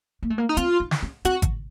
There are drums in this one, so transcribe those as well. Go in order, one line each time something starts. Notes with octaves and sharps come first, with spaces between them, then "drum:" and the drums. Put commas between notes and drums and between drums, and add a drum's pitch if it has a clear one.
A#3
A3
A#3
D#4
C4 F4, drum: hi-hat
D#4
drum: snare
C#4
C4 F#4, drum: hi-hat
drum: kick G#1, hi-hat